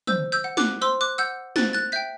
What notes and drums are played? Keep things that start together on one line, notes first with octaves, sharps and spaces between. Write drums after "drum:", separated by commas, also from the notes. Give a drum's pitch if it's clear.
C5 E6 G6, drum: tom
E6 G6
F#5
D6 F#6, drum: snare
C5 C6 E6
D6 F#6
F#5 E6 G6
C5 F#6 A6, drum: snare
F#6 A6
E5 G5 G6 B6